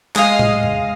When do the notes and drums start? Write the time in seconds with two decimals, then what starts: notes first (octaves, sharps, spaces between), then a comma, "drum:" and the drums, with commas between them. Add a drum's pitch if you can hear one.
0.16 G#3 D#5 F5, drum: clap
0.39 drum: tom A2
0.63 drum: tom E2